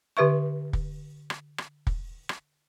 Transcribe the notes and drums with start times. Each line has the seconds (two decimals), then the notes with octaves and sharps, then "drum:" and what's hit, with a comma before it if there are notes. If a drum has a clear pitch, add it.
0.17 D3 G4 B4 E5 C#6
0.73 drum: kick
1.30 drum: rim click
1.58 drum: rim click
1.87 drum: kick
2.29 drum: rim click